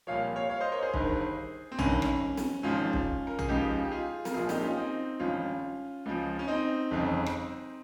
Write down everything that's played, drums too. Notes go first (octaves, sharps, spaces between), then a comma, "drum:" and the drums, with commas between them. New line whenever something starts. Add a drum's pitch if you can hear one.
C2 A#2 F3 C#5 F5
C#5 F5
C#5 F5
C5 D#5
A#4 C#5
G#4 C5
G1 G2 D#3, drum: kick
C4
G#1 G2 D#3 C#4, drum: tom
drum: rim click
drum: snare
G#1 G#2 F3 C#4 F4
drum: kick
A#4
G#4, drum: tom
C#2 C#3 F3 D#4 G4
G4
F4 G#4
A#4, drum: snare
A#1 A#2 F3 F4 G#4
D#4 G4, drum: snare
C#4 F4
C4 D#4
G#1 G2 F3 C#4 F4
C#2 C#3 F3
C#4
C4 D#4
G1 F2 C#3
drum: rim click